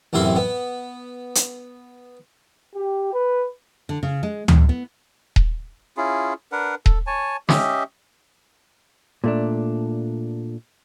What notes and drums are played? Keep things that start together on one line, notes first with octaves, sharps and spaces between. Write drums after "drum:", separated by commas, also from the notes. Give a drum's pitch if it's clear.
A1 F#2 C3 E4 C6
B3
drum: hi-hat
G4
B4
D3
C#3
G#3
E2, drum: tom D2
B3
drum: kick D#1
C#4 E4 F4 G#4
D4 A#4 B4 F#5
A4, drum: kick D#1
C#5 G#5 A5
C#4 G4 D#5 E5, drum: snare
A#2 A3 D4